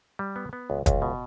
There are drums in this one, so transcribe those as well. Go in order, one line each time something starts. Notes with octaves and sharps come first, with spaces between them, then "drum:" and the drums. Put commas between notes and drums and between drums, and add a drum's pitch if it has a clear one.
G3
B3
B3
C#2
C#2, drum: kick, hi-hat
B2